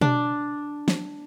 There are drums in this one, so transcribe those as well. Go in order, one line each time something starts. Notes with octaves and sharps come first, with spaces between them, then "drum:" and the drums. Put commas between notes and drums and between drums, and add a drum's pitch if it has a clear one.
D4, drum: tom B2
drum: snare